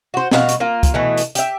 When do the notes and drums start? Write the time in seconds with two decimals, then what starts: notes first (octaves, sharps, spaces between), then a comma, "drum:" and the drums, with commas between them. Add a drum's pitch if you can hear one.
0.14 F#4 C5
0.31 B2 F#4 A#4 F5, drum: snare
0.49 drum: hi-hat
0.60 A#3 F4
0.83 drum: kick, hi-hat
0.94 B2 E3 A3
1.17 drum: hi-hat
1.35 G4 E5, drum: hi-hat